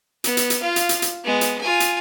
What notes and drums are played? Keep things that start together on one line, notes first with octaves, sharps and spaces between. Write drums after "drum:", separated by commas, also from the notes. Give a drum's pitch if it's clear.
B3, drum: hi-hat
drum: hi-hat
drum: hi-hat
F4 F5
drum: hi-hat
drum: hi-hat
drum: hi-hat
G#3 B3
drum: hi-hat
F4 G#5
drum: hi-hat